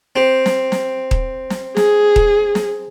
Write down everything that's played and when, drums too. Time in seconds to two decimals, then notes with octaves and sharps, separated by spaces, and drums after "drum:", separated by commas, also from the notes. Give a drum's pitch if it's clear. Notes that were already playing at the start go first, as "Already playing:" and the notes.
0.16 C4 G4
0.46 drum: snare
0.72 drum: snare
1.11 drum: kick D#1
1.50 drum: snare
1.77 G#4, drum: snare
2.16 drum: kick D#1
2.55 drum: snare